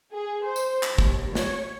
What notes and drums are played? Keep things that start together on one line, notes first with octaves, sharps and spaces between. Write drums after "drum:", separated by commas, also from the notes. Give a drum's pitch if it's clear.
G#4
C5
drum: tambourine
drum: clap
D#2, drum: kick
C#5, drum: snare